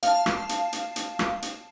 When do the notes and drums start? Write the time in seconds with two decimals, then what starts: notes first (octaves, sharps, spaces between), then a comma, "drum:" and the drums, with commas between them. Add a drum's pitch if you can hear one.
0.03 F5 A5, drum: hi-hat
0.26 drum: rim click
0.49 drum: hi-hat
0.73 drum: hi-hat
0.96 drum: hi-hat
1.19 drum: rim click
1.42 drum: hi-hat